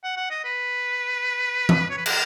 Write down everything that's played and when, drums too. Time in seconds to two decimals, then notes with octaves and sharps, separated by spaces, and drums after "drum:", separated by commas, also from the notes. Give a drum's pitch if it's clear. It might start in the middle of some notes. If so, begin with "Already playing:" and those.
0.04 F#5
0.17 F#5
0.30 D#5
0.45 B4
1.69 drum: tom E3
1.90 C#5
1.98 B4
2.06 A#4, drum: cymbal